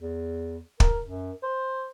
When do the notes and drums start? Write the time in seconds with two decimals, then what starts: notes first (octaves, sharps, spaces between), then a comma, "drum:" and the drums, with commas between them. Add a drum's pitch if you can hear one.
0.01 E2
0.80 A#4, drum: kick
1.07 F#2
1.43 C5